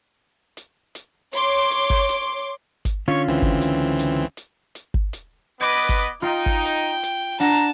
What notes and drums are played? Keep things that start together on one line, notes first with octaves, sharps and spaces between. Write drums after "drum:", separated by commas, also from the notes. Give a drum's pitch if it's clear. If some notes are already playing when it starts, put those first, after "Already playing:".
drum: hi-hat
drum: hi-hat
C#5 C6 D6, drum: hi-hat
drum: hi-hat
drum: kick G#1
drum: hi-hat
drum: kick G#1, hi-hat
D3 C#4 F4 C#5 C#6
C#2 E3 C4
drum: kick G#1
drum: hi-hat
drum: hi-hat
drum: hi-hat
drum: hi-hat
drum: kick G#1
drum: hi-hat
B3 B4 D#5 D6 G#6
drum: kick G#1, hi-hat
D#4 F4 G5
drum: kick G#1
drum: hi-hat
drum: hi-hat
D4 F#5 A5 A#5, drum: hi-hat